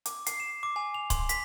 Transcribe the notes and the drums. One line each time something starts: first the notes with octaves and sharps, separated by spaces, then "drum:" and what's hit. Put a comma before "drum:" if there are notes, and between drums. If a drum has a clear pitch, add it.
D6, drum: hi-hat
C7, drum: hi-hat
E7
D6
G#5
F7
C6, drum: kick C#1, hi-hat
B6, drum: hi-hat